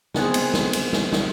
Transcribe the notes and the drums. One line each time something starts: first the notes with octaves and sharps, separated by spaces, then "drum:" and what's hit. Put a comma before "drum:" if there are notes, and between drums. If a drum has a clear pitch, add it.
G#3 B3 C4 G#4, drum: snare
drum: cymbal
drum: snare
drum: cymbal
drum: snare
drum: snare